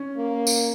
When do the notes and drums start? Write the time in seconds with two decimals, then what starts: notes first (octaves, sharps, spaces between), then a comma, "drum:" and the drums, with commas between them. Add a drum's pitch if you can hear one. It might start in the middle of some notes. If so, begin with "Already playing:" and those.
Already playing: C#4
0.17 A#3
0.47 drum: tambourine